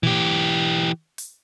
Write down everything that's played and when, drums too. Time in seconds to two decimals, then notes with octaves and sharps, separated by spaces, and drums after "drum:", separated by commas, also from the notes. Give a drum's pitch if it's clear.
0.03 E3 G4, drum: tom A#2
1.18 drum: open hi-hat